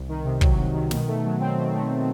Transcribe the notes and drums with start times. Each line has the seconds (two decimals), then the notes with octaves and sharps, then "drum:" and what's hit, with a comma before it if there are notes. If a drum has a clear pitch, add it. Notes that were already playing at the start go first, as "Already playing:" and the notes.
Already playing: C2
0.08 D#3
0.24 C3
0.41 F#3, drum: kick
0.57 C2
0.74 D#3
0.91 B2, drum: snare
1.07 A3
1.24 F#3
1.40 C4
1.57 B2
1.73 A3